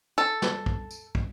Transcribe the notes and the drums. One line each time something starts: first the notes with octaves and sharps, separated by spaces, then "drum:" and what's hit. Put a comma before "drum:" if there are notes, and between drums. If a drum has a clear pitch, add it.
A4
drum: snare
drum: kick
drum: tambourine
drum: kick